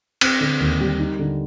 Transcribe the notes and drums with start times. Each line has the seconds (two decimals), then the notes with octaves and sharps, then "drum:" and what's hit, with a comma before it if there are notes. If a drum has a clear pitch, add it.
0.21 C4, drum: cymbal
0.41 D3
0.60 D#2
0.80 G3
0.99 D#4
1.19 D3